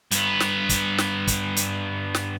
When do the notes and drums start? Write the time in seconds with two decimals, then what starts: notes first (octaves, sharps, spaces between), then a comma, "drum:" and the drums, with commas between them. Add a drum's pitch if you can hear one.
0.11 G2 B3, drum: hi-hat
0.40 drum: snare
0.69 drum: kick, hi-hat
0.98 drum: snare
1.27 drum: kick, hi-hat
1.56 drum: hi-hat
2.15 drum: snare